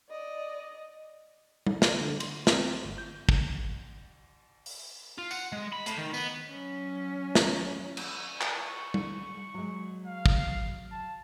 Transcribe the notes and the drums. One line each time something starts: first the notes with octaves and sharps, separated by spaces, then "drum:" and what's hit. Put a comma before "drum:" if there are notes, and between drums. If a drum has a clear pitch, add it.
D5 D#5
drum: tom G3
drum: snare
D3
C6, drum: cymbal
C4, drum: snare
G1
G6
drum: kick
drum: open hi-hat
F4
F#5, drum: tambourine
G#3
B5
A2, drum: hi-hat
D#3
B3, drum: tambourine
F#3 C#4
drum: snare
drum: cymbal
drum: clap
C#6
drum: tom G3
F#3 G#3
F5
drum: kick
A5